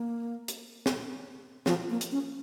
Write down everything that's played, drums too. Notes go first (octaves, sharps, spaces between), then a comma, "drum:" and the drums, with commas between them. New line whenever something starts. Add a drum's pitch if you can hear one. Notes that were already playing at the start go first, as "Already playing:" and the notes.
Already playing: A#3
drum: hi-hat
drum: snare
F3, drum: snare
A#3
drum: hi-hat
C#4